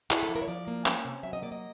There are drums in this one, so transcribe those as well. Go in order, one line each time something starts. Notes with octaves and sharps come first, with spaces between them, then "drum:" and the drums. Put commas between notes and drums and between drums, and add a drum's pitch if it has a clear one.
E4 G#4, drum: clap
A4
F3
A#4
C#5
F3 D5
A#3
C#4, drum: clap
C3
F#3 E5
D#5
A#3 D5
D#5